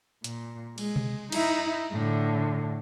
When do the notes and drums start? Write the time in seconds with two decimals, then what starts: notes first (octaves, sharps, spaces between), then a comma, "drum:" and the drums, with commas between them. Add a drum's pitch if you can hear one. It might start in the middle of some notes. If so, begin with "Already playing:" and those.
0.24 A#2, drum: hi-hat
0.78 G#3, drum: cymbal
0.96 drum: tom B2
1.32 D#4 E4, drum: cymbal
1.92 A2 D3